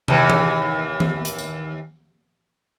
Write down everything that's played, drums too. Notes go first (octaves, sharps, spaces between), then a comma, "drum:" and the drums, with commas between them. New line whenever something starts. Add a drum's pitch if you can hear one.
D#2 E3, drum: tom
drum: tom E3
drum: tom D#3
drum: hi-hat
drum: tambourine